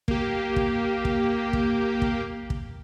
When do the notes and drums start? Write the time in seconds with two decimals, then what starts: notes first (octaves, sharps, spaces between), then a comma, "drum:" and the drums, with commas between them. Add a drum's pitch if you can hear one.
0.08 A#3 G4, drum: kick
0.56 drum: kick
1.05 drum: kick
1.53 drum: kick
2.02 drum: kick
2.50 drum: kick